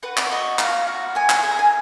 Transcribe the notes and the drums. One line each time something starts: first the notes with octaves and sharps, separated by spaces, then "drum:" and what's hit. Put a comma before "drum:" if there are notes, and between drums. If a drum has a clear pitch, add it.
F#4 B4
drum: clap
F#4 D#5
F#4 F5, drum: clap
F#4
B3 G#5
drum: clap
G#4 G#5
A#5
G#5